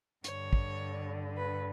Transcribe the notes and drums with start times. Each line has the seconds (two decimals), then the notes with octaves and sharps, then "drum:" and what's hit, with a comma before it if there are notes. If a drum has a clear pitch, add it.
0.24 G2 D3 C#5, drum: hi-hat
0.53 drum: kick
1.37 B4